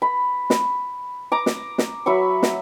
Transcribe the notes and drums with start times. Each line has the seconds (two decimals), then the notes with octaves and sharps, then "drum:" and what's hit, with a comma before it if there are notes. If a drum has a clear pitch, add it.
0.02 B5
0.50 drum: snare
1.32 A#5 D6
1.46 drum: snare
1.78 drum: snare
2.06 F#3 E5 B5 C#6
2.43 drum: snare